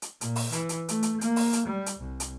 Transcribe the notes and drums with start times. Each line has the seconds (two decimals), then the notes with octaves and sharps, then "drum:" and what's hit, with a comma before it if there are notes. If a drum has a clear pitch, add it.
0.02 drum: hi-hat
0.21 A#2, drum: hi-hat
0.36 drum: open hi-hat
0.52 E3, drum: hi-hat
0.69 drum: hi-hat
0.89 A3, drum: hi-hat
1.03 drum: hi-hat
1.21 A#3, drum: hi-hat
1.36 drum: open hi-hat
1.53 drum: hi-hat
1.66 G3
1.86 drum: hi-hat
1.99 C2
2.20 drum: hi-hat